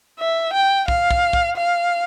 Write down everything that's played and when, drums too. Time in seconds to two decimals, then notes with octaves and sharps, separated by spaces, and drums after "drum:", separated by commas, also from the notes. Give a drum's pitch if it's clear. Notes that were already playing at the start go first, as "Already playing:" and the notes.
0.20 E5
0.54 G5
0.88 F5, drum: kick
1.11 drum: kick
1.33 drum: kick
1.56 F5